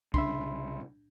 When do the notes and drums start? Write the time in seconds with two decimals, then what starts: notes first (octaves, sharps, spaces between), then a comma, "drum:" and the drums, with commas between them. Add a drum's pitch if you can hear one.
0.14 C2 C#3 D4 E5 B5 C6, drum: kick